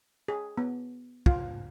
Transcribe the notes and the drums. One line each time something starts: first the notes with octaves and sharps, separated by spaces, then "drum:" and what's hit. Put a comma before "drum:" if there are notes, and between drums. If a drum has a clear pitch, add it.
G#4
B3
F4, drum: kick